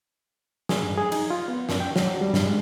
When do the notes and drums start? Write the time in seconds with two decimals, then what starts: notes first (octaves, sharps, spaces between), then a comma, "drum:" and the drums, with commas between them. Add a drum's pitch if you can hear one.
0.69 G#4, drum: snare
0.83 G2
0.98 G#4
1.12 D#4, drum: cymbal
1.30 F4
1.48 B3
1.69 F#2, drum: snare
1.80 G5
1.96 F#3, drum: snare
2.21 G3
2.34 G2, drum: snare
2.46 G#3